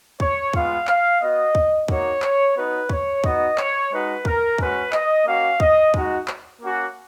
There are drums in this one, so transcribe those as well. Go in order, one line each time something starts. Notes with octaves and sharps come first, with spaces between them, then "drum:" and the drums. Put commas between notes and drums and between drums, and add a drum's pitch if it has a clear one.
C#5, drum: kick
G#3 B3 F4 F5, drum: kick
F5, drum: clap
B3 F#4 D#5
drum: kick
A#3 D#4 F#4 C#5, drum: kick
C#5, drum: clap
B3 D#4 F#4 B4
C#5, drum: kick
B3 D#4 F#4 D#5, drum: kick
C#5, drum: clap
G#3 D#4 F#4 B4
A#4, drum: kick
G#3 C#4 F#4 B4, drum: kick
D#5, drum: clap
A#3 C#4 F#4 F5
D#5, drum: kick
G#3 D#4 F#4, drum: kick
drum: clap
A#3 C#4 F#4